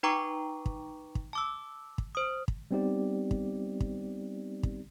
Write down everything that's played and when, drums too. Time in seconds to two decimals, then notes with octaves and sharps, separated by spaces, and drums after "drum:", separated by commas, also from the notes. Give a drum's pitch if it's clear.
0.03 D#4 B4 G5 A#5 C#6 D6
0.66 drum: kick
1.15 drum: kick
1.33 A5 D6 E6
1.98 drum: kick
2.15 C5 D#6
2.48 drum: kick
2.71 G3 B3 C4 D#4 G4 D5
3.31 drum: kick
3.80 drum: kick
4.63 drum: kick